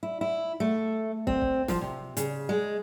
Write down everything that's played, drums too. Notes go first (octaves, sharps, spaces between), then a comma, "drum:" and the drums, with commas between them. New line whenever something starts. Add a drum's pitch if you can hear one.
E4
E4
A3
C4, drum: kick
drum: kick
F3, drum: snare
C3
C#3, drum: hi-hat
G#3